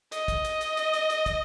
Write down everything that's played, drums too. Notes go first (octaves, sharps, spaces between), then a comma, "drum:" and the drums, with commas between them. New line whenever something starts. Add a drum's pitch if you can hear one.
D#5, drum: hi-hat
drum: kick, hi-hat
drum: hi-hat
drum: hi-hat
drum: hi-hat
drum: hi-hat
drum: hi-hat
drum: kick, hi-hat